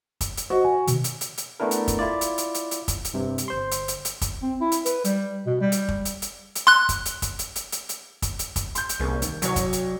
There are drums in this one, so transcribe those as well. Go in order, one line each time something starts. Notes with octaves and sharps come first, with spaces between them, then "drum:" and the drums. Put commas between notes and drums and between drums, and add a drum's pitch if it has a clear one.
drum: kick, hi-hat
drum: hi-hat
F#4 C5 D#5
G#5
B2 D#3, drum: hi-hat
drum: hi-hat
drum: hi-hat
drum: hi-hat
A3 B3 D4 E4 A#4
drum: hi-hat
drum: kick, hi-hat
E4 F4 D5
drum: hi-hat
drum: hi-hat
drum: hi-hat
drum: hi-hat
drum: kick, hi-hat
drum: hi-hat
G2 C3
drum: hi-hat
G1 C5 C6
drum: hi-hat
drum: hi-hat
drum: hi-hat
drum: kick, hi-hat
C4
E4
drum: hi-hat
B4, drum: hi-hat
G3, drum: hi-hat
B2
G3
drum: hi-hat
drum: kick
drum: hi-hat
drum: hi-hat
drum: hi-hat
C6 F#6
drum: kick, hi-hat
drum: hi-hat
drum: kick, hi-hat
drum: hi-hat
drum: hi-hat
drum: hi-hat
drum: hi-hat
drum: kick, hi-hat
drum: hi-hat
drum: kick, hi-hat
C6 G6, drum: hi-hat
drum: hi-hat
C2 A#3 C#4 G#4
D#2, drum: hi-hat
C2 F#3 C#5, drum: hi-hat
drum: kick, hi-hat
drum: hi-hat